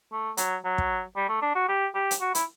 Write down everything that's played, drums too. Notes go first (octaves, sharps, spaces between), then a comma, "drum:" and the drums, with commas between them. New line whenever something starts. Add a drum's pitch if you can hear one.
A3
F#3, drum: hi-hat
F#3
drum: kick
G3
A3
D4
F#4
G4
G4
drum: hi-hat
F#4
E4, drum: hi-hat